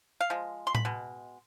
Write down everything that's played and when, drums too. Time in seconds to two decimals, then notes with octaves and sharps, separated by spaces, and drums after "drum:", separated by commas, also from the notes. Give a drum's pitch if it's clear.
0.21 F5
0.30 F3 G#3
0.67 C6
0.75 B5, drum: tom A2
0.85 B2 G#3